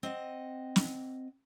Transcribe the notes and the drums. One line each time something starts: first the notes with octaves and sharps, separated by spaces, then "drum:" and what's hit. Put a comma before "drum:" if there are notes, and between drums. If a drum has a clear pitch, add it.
C4 D#5 F#5
drum: snare